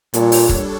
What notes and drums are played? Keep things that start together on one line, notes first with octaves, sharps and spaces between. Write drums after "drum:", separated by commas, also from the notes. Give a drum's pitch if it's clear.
A#2 G3 D4 A4 C#5, drum: hi-hat
drum: open hi-hat
drum: kick